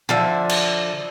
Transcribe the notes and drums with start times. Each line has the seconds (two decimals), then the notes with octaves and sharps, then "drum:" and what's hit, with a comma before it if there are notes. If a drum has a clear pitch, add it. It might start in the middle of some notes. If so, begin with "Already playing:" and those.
0.09 D3 F3 E5
0.49 drum: cymbal